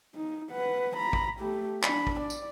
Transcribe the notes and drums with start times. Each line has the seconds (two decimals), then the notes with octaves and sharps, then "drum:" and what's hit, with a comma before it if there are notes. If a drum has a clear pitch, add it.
0.15 D#4
0.51 B4 F#5
0.97 A#5 B5
1.13 drum: kick
1.40 A3 G4
1.83 D4 B5, drum: clap
2.07 drum: kick
2.20 D5
2.30 drum: tambourine